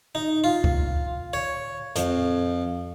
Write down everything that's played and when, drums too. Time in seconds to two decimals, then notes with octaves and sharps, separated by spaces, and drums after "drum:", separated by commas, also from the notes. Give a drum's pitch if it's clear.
0.15 D#4
0.44 F4
0.64 drum: kick C#2
1.33 C#5
1.96 F2, drum: hi-hat